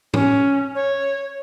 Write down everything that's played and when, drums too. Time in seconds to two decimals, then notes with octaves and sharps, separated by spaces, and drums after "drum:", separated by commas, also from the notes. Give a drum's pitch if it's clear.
0.14 C#4, drum: tom A2
0.75 C#5